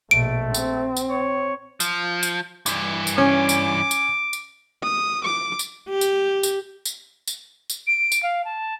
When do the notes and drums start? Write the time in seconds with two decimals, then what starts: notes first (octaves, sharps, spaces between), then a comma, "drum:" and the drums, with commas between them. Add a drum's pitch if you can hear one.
0.11 A#1 B2 A3 D7
0.54 C4, drum: tambourine
0.97 drum: tambourine
1.10 C#5
1.80 F3, drum: tambourine
2.23 drum: tambourine
2.66 G2 E3, drum: tambourine
3.07 drum: tambourine
3.18 C#4 D6
3.49 drum: tambourine
3.91 drum: tambourine
4.33 drum: tambourine
4.83 D#6
5.24 D6
5.59 drum: tambourine
5.90 G4
6.01 drum: tambourine
6.43 drum: tambourine
6.85 drum: tambourine
7.28 drum: tambourine
7.70 drum: tambourine
7.87 D7
8.12 drum: tambourine
8.23 F5
8.45 A5